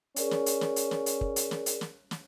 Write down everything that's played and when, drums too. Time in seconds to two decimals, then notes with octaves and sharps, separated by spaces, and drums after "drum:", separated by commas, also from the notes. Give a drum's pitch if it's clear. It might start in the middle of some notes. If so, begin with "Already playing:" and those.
0.16 C#4 G#4 A#4 D5, drum: hi-hat
0.31 drum: snare
0.46 drum: hi-hat
0.61 drum: snare
0.76 drum: hi-hat
0.91 drum: snare
1.06 drum: hi-hat
1.21 drum: kick
1.36 drum: hi-hat
1.51 drum: snare
1.66 drum: hi-hat
1.81 drum: snare
2.11 drum: snare